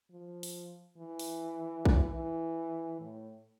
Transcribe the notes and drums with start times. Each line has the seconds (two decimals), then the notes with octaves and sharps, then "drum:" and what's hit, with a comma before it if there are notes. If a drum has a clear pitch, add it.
0.12 F3
0.43 drum: open hi-hat
0.98 E3
1.19 drum: open hi-hat
1.85 drum: kick A#1
2.14 E3
3.00 A2